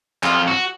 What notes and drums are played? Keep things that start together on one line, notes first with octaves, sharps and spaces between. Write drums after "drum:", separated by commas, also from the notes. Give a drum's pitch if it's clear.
F2 F4, drum: clap
F#4